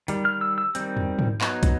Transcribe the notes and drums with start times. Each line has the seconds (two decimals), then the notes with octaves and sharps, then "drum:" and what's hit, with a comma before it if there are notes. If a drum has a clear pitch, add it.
0.08 D#3 G3, drum: hi-hat
0.25 F6
0.41 E6
0.58 E6
0.75 D#3 G3 C4, drum: hi-hat
0.97 drum: tom
1.19 drum: tom G#2
1.41 F#3 B3 D#4, drum: clap
1.63 drum: kick, hi-hat